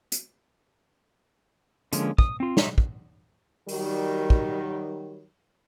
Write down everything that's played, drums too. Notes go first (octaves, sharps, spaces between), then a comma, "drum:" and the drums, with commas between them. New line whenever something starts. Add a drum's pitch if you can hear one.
drum: hi-hat
D3 F3 G#3 A#3 C#4, drum: hi-hat
D#6, drum: kick
C4 F4
D#4 F#4 E5 A#5 C6, drum: snare
drum: kick
D#3 F#3 G3, drum: open hi-hat
drum: kick